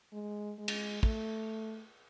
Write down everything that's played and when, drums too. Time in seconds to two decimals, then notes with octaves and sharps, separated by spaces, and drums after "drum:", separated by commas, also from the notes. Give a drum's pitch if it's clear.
0.13 G#3
0.58 G#3
0.68 drum: cymbal
1.03 A3, drum: kick